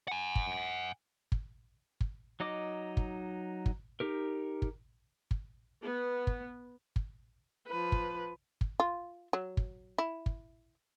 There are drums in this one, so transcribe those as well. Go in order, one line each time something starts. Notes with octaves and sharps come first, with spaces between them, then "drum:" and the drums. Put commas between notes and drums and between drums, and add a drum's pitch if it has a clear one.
F#5 G#5
drum: kick
drum: kick
drum: kick
F#3 D#4 D#5 D6
drum: kick
drum: kick
D#4 G4 A#4
drum: kick
drum: kick
B3
drum: kick
drum: kick
F3 B4
drum: kick
drum: kick
F4
F#3
drum: kick
E4
drum: kick